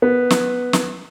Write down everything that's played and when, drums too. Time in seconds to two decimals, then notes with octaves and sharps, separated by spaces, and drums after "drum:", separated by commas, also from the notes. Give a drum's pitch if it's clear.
0.02 B3
0.30 drum: snare
0.73 drum: snare